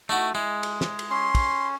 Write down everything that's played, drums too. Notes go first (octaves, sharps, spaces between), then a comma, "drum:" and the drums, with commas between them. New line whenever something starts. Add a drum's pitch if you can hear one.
A3 D#4 E4 F#4
G#3 E4
drum: cymbal
drum: snare
drum: cymbal
C#4 C6
drum: kick, cymbal